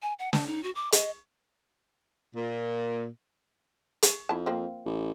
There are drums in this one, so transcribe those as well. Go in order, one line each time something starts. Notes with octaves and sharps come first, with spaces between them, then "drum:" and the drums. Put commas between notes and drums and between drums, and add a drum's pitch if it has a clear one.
G#5
F#5
A5, drum: snare
D#4
F#4
D6
D#5, drum: hi-hat
A#2
drum: hi-hat
F2 E4 A5
F3 A#3 C4
A1